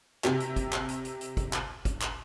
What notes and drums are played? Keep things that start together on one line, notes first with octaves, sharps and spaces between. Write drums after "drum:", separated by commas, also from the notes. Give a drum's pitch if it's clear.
C3 G4, drum: clap
drum: hi-hat
drum: kick, hi-hat
drum: clap
drum: hi-hat
drum: hi-hat
drum: hi-hat
drum: kick, hi-hat
drum: clap
drum: kick, hi-hat
drum: clap